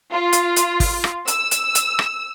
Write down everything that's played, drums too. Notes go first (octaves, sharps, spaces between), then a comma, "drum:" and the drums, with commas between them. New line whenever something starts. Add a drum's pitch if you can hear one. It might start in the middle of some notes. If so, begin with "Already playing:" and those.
F4
drum: hi-hat
drum: hi-hat
drum: kick, open hi-hat
drum: rim click
E6, drum: hi-hat
drum: hi-hat
drum: hi-hat
drum: rim click